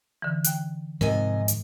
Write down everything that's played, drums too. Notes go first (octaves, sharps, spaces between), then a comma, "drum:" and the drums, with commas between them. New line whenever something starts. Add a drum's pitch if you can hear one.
D3 E3
G5 F#6, drum: hi-hat
G#2 C3 D#3 F3 A#4 D#5 G#5
drum: hi-hat